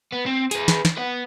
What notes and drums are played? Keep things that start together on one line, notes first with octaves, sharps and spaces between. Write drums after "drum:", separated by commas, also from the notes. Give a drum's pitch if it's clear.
B3
C4
G#4 B4, drum: hi-hat
drum: snare
drum: snare
B4 F#5